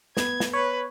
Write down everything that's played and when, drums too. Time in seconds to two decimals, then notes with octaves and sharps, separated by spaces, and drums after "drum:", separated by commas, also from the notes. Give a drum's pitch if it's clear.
0.17 B3 G#6, drum: snare
0.40 drum: snare
0.54 B4 C#5